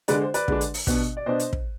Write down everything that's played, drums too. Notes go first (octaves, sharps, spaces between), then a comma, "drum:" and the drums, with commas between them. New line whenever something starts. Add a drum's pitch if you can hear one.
D3 G#3 D4 B4 D5, drum: hi-hat
C5
B4 D5, drum: hi-hat
D3 G#3 D4, drum: kick
drum: hi-hat
drum: open hi-hat
B2 B3 D4, drum: kick, hi-hat
D5
B2 B3 D4 C5 D#5
drum: hi-hat
drum: kick